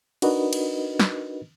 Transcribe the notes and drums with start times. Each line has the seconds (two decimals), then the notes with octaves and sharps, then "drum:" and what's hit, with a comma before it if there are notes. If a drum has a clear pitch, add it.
0.22 D4 D#4 F#4 A#4 B4 D#5, drum: cymbal
0.53 drum: cymbal
1.00 drum: snare